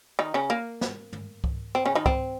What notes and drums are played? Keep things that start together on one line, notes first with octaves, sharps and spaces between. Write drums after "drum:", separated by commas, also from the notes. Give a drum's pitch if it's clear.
D#3 D#4
C#3 C#4
A#3
drum: snare
drum: tom
drum: kick C2
C4
C#3 C#4
D#3 D#4
C4, drum: kick C2